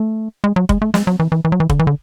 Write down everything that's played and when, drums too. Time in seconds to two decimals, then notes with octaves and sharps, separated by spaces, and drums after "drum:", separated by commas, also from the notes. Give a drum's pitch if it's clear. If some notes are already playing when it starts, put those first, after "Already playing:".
Already playing: A3
0.44 G#3
0.56 F#3
0.69 G#3, drum: kick F1
0.82 A3
0.94 G#3, drum: snare
1.07 F#3
1.20 E3
1.32 E3
1.45 E3
1.52 F#3
1.60 E3
1.70 D3, drum: kick F1
1.79 E3
1.87 D3